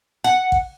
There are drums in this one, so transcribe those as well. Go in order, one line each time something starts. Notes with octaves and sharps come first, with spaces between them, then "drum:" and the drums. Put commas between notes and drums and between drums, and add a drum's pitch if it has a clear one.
F#5
drum: kick A1